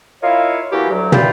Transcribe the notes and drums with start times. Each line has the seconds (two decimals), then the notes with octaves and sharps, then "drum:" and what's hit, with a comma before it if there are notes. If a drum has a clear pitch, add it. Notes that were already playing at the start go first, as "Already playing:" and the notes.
0.23 E4 F4 A#4 C#5 D#5 F5
0.72 E3 A#3 B3 E4 F#4 G4
0.89 D2 F#3
1.12 F4 B4 D5 E5 F5 G5, drum: tom